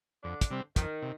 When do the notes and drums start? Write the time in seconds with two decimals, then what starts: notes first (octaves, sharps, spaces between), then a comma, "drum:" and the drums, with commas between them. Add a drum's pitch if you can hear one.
0.23 F2 D3 D4
0.41 drum: kick, hi-hat
0.51 C3 G3 C4
0.76 F2 D#3, drum: kick, hi-hat
1.02 C3